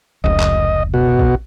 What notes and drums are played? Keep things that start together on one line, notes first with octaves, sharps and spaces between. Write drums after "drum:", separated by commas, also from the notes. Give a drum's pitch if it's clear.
F1 C#2 D#5
drum: clap
B2 F#4
drum: kick A#1